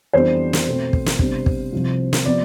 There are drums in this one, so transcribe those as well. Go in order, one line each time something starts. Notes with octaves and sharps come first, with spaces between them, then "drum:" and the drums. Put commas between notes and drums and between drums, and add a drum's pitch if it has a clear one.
F2 E3 G3 B3 D4 C5
drum: snare
B2 A3 C4
drum: kick
drum: snare
C3 G3 B3 D4, drum: kick
drum: kick
C2 C3 F3
drum: snare
C3 F3 B3 D5